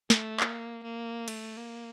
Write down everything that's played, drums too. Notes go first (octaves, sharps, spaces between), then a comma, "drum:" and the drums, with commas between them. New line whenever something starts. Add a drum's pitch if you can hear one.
A3, drum: snare
A#3, drum: clap
A#3
A3, drum: cymbal
A#3